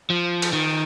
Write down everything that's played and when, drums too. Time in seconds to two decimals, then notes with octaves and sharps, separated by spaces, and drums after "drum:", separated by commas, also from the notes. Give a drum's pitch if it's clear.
0.10 F3
0.42 drum: cymbal
0.53 D#3